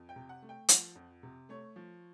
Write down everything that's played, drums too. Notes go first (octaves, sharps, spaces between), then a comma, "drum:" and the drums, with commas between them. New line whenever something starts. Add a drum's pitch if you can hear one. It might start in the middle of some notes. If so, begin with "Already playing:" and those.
Already playing: F2
G5
C3
F#5
A3
G5
F3 F#5, drum: hi-hat
F2
C3
A3 C#5
F3